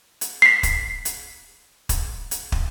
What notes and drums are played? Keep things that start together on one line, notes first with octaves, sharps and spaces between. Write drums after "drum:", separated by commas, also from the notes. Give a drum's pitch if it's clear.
drum: hi-hat
B6 C7
drum: kick, hi-hat
drum: hi-hat
drum: kick, hi-hat
drum: hi-hat
drum: kick